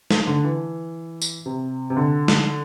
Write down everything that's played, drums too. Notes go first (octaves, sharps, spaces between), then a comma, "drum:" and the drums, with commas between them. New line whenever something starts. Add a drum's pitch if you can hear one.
A3, drum: snare
D3
E3
drum: tambourine
C3
C3
D3
drum: snare